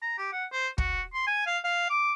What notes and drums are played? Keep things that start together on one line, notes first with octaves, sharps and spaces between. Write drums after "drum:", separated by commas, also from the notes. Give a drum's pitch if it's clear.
A#5
G4
F#5
C5
F#4, drum: kick
C6
G#5
F5
F5
D6